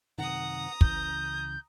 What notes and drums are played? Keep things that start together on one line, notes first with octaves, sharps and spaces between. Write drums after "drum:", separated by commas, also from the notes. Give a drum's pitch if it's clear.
F#2 C3 D#3 F#5 A#5 D#6
C#2 C#3 E3 G6, drum: kick